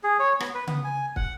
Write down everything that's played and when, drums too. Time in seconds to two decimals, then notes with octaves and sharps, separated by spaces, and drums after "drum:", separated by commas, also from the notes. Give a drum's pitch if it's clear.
0.03 G#4
0.19 C#5
0.40 B3, drum: rim click
0.54 B4
0.67 B3, drum: tom C#3
0.84 G#5
1.16 F#5, drum: kick